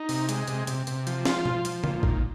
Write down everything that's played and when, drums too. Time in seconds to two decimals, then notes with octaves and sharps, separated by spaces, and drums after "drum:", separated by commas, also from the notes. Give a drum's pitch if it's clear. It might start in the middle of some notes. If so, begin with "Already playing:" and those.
Already playing: D#4
0.09 C3, drum: open hi-hat
0.29 G#3, drum: hi-hat
0.48 C3, drum: hi-hat
0.67 C3, drum: hi-hat
0.87 C3, drum: hi-hat
1.07 F3, drum: hi-hat
1.25 F4, drum: snare
1.45 F3, drum: tom B2
1.65 F3, drum: hi-hat
1.84 A#2, drum: tom C#3
2.03 D#3, drum: kick